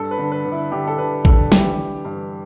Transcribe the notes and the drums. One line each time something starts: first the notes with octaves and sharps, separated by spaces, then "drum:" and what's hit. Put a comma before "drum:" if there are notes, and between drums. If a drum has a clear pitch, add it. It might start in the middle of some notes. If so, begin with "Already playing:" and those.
Already playing: G2 A4
B4
D3
B4
D3
E4
D3 G4
A4
D3 B4
D3 A4, drum: kick
E3 G4, drum: snare
E3
G2